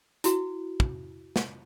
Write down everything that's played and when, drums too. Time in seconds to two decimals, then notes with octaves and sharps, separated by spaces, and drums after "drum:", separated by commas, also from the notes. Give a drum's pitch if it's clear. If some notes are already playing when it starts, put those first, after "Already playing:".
0.24 E4 F#4, drum: hi-hat
0.80 drum: kick
1.36 drum: snare